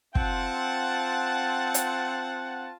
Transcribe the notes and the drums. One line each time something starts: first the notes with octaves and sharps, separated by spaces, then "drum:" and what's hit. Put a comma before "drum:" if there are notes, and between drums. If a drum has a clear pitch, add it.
C4 F4 F#5 A5, drum: kick
drum: hi-hat